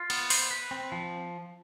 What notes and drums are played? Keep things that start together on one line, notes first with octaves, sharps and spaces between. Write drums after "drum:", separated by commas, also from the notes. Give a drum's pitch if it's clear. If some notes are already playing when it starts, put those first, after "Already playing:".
Already playing: F4
B3, drum: cymbal
C5, drum: open hi-hat
B4
C4
F3